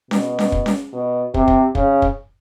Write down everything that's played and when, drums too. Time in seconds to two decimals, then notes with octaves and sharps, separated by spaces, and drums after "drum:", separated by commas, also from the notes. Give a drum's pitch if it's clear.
0.11 B2, drum: snare C#4
0.39 drum: snare C#4
0.52 drum: kick
0.66 drum: snare C#4
0.93 B2
1.34 C3, drum: kick
1.48 drum: kick
1.75 C#3, drum: kick
2.02 drum: kick